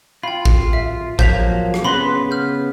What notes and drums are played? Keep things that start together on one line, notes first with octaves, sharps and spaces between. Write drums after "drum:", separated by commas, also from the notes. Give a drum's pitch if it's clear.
F4 G5 B5
drum: kick A1
E5
F3 F#3 A#3 G6 B6 F7, drum: kick A1
drum: rim click
C#3 B3 B4 B5 C6 A#6
F6 G6